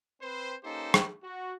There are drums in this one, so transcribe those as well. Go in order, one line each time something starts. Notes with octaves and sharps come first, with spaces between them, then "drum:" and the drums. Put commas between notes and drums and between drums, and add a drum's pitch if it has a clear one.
C4 B4 C5
A#3 C#4 D#4 G4 A4 C5
drum: rim click
F#4